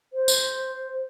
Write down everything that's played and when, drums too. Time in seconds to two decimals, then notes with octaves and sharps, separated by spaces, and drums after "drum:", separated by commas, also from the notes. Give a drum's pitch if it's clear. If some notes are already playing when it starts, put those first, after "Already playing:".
0.13 C5
0.28 drum: tambourine